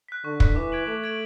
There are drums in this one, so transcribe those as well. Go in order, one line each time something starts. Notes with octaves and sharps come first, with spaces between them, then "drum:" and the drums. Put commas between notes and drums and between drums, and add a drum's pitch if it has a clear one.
F#6 B6
D3 C#6
F#6 B6, drum: kick
E3 D6
G#6 D7 F#7
A3 D6
G#6 D7 F#7